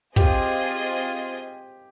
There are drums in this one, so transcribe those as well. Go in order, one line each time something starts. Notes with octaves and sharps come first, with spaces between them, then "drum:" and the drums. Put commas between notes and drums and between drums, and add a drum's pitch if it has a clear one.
C4 F4 G4 G#4 D#5 G#5, drum: kick